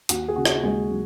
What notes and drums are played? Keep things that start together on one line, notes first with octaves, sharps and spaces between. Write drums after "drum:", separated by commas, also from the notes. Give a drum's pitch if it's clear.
D#2 F#4, drum: hi-hat
G#4
C#3 F#4
drum: rim click
D#2 G#3 G#4
F#3